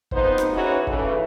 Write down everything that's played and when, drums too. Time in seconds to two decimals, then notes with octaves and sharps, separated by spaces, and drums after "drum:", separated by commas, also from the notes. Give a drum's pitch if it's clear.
0.11 F2 B3 D#4 C5, drum: kick
0.38 drum: rim click
0.53 E3 C#4 D#4 F#4 G#4 C#5
0.87 C#3 E3 A3, drum: kick